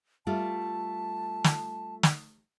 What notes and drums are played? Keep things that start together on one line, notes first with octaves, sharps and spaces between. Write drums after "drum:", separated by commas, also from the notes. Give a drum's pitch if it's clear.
G3 A3 F4 A5
drum: snare
drum: snare